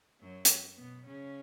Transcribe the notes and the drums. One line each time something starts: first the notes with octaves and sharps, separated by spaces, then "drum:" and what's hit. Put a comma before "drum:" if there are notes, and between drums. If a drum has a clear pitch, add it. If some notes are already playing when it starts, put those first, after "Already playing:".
F#2 F#3
drum: hi-hat
B2 B3
C#3 C#4